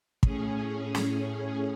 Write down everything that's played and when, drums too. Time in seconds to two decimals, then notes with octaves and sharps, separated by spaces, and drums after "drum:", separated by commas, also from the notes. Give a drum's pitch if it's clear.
0.23 A2 C#4 G#4, drum: kick
0.95 drum: snare